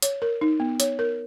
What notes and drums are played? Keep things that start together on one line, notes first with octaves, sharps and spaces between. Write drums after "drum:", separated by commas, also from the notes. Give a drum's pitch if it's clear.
C#5, drum: hi-hat
A#4
D#4
B3
C#5, drum: hi-hat
A#4